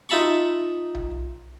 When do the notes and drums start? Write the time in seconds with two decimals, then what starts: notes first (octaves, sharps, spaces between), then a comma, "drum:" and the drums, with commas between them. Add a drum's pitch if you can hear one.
0.09 D#4 F4 E5 A5 B5 C#6
0.95 drum: tom B1